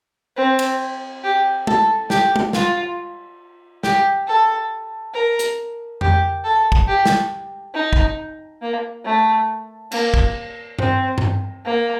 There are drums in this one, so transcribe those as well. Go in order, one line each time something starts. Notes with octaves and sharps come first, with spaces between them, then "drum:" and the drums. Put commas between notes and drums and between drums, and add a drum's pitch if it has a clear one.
C4
drum: cymbal
G4
A4, drum: tom G#3
G4, drum: snare
drum: tom G#3
F4, drum: snare
G4, drum: snare
A4
A#4
drum: hi-hat
G4, drum: tom F2
A4
drum: kick
G4
drum: snare
D#4
drum: kick
A#3
A3
A#3, drum: cymbal
drum: kick
C4, drum: tom
drum: tom
A#3